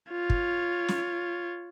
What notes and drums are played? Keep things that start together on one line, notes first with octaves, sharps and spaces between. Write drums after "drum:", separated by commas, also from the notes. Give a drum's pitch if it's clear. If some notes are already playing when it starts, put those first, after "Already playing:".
F4 C#5
drum: kick
drum: snare